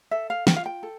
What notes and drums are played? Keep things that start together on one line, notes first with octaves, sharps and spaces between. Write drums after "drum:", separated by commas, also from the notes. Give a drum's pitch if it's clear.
A4 E5
F5
F4 G5, drum: snare
F5
G5
A4